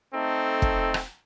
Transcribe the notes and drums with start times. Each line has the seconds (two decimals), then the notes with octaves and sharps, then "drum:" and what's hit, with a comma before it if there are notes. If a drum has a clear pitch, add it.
0.14 A3 C4 D#4 A4
0.62 drum: kick
0.94 drum: rim click